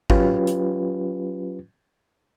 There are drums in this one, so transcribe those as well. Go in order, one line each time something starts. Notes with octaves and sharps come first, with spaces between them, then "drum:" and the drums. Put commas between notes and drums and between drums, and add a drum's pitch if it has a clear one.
F#3 C#4 F4 G4 B4, drum: kick G#1
drum: hi-hat